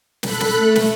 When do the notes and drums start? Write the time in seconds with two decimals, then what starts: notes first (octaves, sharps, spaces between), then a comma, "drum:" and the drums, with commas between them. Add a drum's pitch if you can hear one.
0.23 A4 B5 F#6, drum: snare
0.40 drum: snare
0.57 A3
0.75 drum: snare